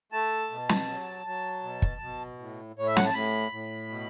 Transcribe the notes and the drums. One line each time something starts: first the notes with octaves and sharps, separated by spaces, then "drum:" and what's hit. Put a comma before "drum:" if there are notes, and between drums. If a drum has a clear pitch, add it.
A3 A5
B2
drum: snare
F#3
F#3
B2
drum: kick
B2
A2
A2 C#5
E5
F#5, drum: snare
A5
A2 B5
A2
B2